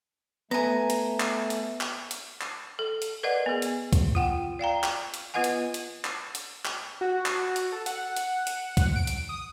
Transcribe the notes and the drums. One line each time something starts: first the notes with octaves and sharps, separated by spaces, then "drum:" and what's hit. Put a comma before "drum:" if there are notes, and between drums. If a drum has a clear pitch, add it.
A3 B3 G#5 A#5
drum: hi-hat
drum: clap
drum: hi-hat
drum: clap
drum: hi-hat
drum: clap
A4
drum: hi-hat
A#4 B4 D5 D#5 F#5
B3 G#4
drum: hi-hat
drum: kick C#2, hi-hat
F4 F#5 G5
D5 F5 G5 A#5
drum: clap
drum: hi-hat
B3 F4 B4 D#5 F#5 G#5
drum: hi-hat
drum: hi-hat
drum: clap
drum: hi-hat
drum: clap
F#4
drum: clap
drum: hi-hat
A4
F#5, drum: hi-hat
drum: hi-hat
drum: hi-hat
drum: kick C#2, hi-hat
D7
drum: hi-hat
D#6